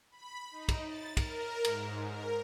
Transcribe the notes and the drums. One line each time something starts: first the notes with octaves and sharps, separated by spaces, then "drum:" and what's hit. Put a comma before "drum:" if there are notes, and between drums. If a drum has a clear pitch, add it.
B5
D#4
drum: kick, cymbal
A6
A#4, drum: kick, cymbal
G#2, drum: cymbal
A#4